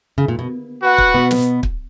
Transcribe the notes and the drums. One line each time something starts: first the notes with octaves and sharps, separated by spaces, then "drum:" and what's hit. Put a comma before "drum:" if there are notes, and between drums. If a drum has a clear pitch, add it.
C#3
A#2
B2
F#4 B4 F#5
drum: kick
B2 B3
drum: snare
drum: kick